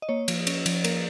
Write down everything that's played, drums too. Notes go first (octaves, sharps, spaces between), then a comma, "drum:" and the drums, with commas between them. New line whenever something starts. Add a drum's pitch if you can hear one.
D#5
A#3 C#5
F3, drum: cymbal
C#4, drum: cymbal
F3, drum: cymbal
A#3 A#4, drum: cymbal